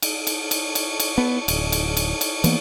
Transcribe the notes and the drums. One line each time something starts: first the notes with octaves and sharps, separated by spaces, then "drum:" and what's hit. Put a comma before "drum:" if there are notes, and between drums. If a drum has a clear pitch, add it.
drum: cymbal
drum: cymbal
drum: cymbal
drum: cymbal
drum: cymbal
B3
D1, drum: cymbal
drum: cymbal
drum: cymbal
drum: cymbal
E3 A#3 B3, drum: cymbal